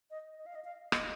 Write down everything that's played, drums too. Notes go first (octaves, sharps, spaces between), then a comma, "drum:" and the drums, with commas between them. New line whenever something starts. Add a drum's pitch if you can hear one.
D#5
D#5
F5
D#5
F5
D#5, drum: rim click